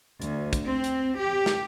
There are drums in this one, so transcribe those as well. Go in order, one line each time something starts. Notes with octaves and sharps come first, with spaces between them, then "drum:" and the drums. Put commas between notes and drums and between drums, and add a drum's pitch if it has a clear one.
D2, drum: hi-hat
drum: kick, hi-hat
C4
drum: hi-hat
G4
drum: snare